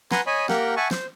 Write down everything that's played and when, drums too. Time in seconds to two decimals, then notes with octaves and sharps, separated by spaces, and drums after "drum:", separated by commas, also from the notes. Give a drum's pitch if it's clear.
0.12 B4 F#5 G#5 A#5 C6, drum: snare
0.27 C#5 D#5 G#5 B5
0.49 A#3 G4 A#4 F#5 G5, drum: snare
0.76 E5 F#5 G#5 A5 C#6
0.91 C5, drum: snare